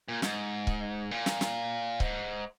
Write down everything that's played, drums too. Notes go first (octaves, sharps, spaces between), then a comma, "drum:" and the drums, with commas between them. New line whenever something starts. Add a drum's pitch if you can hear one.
A#2
G#2, drum: snare
drum: kick C#1
A#2
drum: snare
drum: snare
G#2, drum: kick C#1